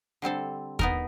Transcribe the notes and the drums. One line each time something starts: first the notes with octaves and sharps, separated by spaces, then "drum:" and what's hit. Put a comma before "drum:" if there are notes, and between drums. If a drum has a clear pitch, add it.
D3 G3 C4 A4
B3 D#4 A#4, drum: kick